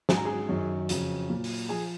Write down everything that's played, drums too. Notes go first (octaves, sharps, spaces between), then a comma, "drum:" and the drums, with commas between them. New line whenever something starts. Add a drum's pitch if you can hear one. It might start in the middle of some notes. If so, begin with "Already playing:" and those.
G#2 F#3 G#5, drum: snare
A#5
G#4 G#5
F#2 D#3 F#3
F2 C#3 F#3, drum: hi-hat
A#2 F#3
drum: open hi-hat
F3 G#4 G#5